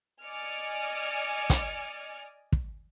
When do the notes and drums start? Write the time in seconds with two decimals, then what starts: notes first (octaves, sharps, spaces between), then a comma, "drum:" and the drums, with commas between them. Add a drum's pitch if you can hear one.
0.26 D5 D#5 G#5 D6 F6 C#7
1.50 drum: kick, hi-hat
2.52 drum: kick